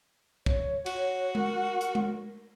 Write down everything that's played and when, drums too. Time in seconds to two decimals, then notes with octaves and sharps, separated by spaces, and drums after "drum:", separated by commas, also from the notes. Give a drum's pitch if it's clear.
0.46 C#5, drum: kick
0.86 F#4, drum: cymbal
1.35 A#4, drum: tom G#3
1.81 drum: hi-hat
1.95 drum: tom G#3